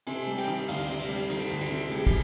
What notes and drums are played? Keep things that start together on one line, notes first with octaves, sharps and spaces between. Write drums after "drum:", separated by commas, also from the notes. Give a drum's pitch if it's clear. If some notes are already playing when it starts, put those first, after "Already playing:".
C3 G#5, drum: cymbal
G3
G5, drum: cymbal
D#3
D2 F5, drum: cymbal
C3
drum: cymbal
G3
D#3, drum: cymbal
D2
drum: cymbal
C3
G3 G#4, drum: cymbal
drum: kick, cymbal